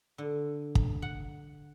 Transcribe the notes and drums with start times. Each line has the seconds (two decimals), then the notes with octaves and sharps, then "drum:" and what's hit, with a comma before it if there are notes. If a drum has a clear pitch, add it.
0.18 D3
0.75 drum: kick
1.02 F#5